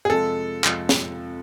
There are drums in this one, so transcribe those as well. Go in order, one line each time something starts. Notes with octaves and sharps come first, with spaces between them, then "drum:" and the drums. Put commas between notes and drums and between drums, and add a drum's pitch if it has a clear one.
G#4
F2 C3 F3 G#3 A4
F2 C3 F3 G#3, drum: clap
drum: snare